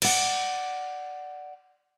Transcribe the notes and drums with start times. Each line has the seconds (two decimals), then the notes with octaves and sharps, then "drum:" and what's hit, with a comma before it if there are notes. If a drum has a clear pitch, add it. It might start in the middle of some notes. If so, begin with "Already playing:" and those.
0.02 D5 F#5, drum: cymbal